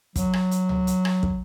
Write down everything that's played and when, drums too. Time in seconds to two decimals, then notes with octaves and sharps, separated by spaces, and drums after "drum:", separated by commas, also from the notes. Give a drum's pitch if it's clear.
0.16 F#3, drum: kick, hi-hat
0.33 drum: rim click
0.51 drum: hi-hat
0.69 drum: tom C#2
0.87 drum: hi-hat
1.05 drum: rim click
1.23 drum: kick